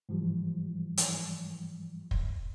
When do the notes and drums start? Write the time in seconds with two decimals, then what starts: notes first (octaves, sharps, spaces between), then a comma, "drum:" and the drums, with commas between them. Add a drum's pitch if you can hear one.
0.09 G#2 E3 F3 G3
0.97 drum: hi-hat
2.11 drum: kick